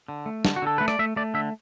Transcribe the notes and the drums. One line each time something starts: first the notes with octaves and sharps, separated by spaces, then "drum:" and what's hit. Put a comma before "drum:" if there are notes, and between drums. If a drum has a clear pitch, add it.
D3
A3
D3, drum: snare
F#4
D3 A4
A3 B4
D5, drum: rim click
A3 E5
A3 D5
D3 E5